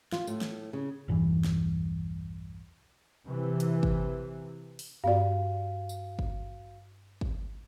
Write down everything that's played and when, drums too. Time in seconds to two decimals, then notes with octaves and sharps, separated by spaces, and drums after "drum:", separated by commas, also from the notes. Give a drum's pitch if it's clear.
0.12 F4, drum: snare
0.27 A2, drum: tambourine
0.41 drum: snare
0.73 C#3
1.08 B1 E2 G2 E3
1.44 drum: snare
3.26 C3 E3
3.60 drum: hi-hat
3.83 drum: kick G#1
4.79 drum: open hi-hat
5.04 G2 B3 F#4 D5 F5
5.89 drum: tambourine
6.19 drum: kick G#1
7.21 drum: kick G#1